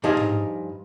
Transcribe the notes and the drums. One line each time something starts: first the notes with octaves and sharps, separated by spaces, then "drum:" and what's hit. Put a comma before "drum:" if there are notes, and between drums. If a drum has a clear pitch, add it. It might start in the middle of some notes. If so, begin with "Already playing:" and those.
G2 F3 D#4 G#4 D#5 F5
drum: tom G#2